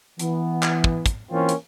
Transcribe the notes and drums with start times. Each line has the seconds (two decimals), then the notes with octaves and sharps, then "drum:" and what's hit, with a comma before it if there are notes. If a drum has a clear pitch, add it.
0.19 E3 B3, drum: hi-hat
0.63 drum: clap
0.84 drum: kick
1.06 drum: kick, hi-hat
1.31 E3 A#3 C4 C#4 F4
1.49 drum: hi-hat